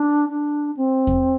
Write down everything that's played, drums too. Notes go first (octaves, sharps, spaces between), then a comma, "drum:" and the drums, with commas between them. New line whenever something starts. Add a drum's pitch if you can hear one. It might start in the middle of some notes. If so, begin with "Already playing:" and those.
Already playing: D4
D4
C4
drum: kick E2